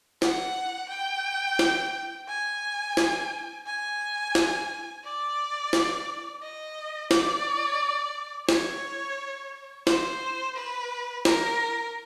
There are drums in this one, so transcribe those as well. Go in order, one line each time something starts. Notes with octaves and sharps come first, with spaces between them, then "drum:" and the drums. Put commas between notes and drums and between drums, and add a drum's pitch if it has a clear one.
F#5, drum: snare
G5
drum: snare
G#5
drum: snare
G#5
drum: snare
D5
drum: snare
D#5
D5, drum: snare
C#5, drum: snare
C5, drum: snare
B4
A#4, drum: snare